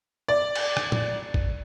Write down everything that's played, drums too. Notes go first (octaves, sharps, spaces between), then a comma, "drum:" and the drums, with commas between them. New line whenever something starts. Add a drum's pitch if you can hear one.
D5
drum: cymbal
drum: rim click
drum: tom A2
drum: kick G#1